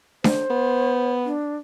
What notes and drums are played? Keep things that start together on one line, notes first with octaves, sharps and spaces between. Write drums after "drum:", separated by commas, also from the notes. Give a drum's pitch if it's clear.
C5, drum: snare D4
B3
D4